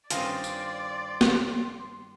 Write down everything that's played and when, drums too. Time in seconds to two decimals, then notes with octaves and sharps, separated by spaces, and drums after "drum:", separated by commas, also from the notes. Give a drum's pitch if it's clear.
0.10 G2 D#3 C4 C#4 F4 D5 D#5 C6, drum: hi-hat
0.44 drum: tambourine
1.21 drum: snare